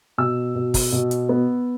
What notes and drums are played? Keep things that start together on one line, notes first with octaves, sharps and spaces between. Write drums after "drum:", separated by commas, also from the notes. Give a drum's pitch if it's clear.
B2 E6
B2
drum: kick, open hi-hat
B2
drum: hi-hat
B3